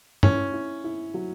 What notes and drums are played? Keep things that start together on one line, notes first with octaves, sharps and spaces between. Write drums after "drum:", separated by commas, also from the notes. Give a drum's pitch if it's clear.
C#4 E4, drum: tom
E4
E4
F#3